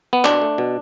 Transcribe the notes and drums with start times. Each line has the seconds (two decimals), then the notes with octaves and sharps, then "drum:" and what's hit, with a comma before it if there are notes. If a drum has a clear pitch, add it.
0.13 B3
0.25 B2 D4, drum: clap
0.42 A3
0.58 B2